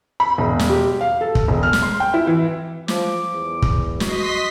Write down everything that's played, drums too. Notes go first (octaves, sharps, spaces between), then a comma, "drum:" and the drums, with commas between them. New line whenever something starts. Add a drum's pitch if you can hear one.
B5
E1
drum: snare
G4
F5
A4
drum: kick
E1
F6
drum: snare
C6
G5
E4
E3
F3 D6, drum: snare
E2
drum: kick
F#4 D#5 C6 B6, drum: snare